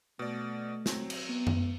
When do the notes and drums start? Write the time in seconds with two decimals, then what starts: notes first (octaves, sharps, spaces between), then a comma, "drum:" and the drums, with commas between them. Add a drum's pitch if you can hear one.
0.19 B2 A3 D5
0.86 F#3 C4, drum: snare
1.10 drum: cymbal
1.29 B3
1.47 drum: tom F#2